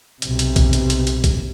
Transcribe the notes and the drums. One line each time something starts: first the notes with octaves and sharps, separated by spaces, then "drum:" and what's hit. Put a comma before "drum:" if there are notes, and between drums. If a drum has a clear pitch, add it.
B1 C3, drum: hi-hat
drum: hi-hat
drum: kick, hi-hat
drum: hi-hat
drum: hi-hat
drum: hi-hat
drum: kick, hi-hat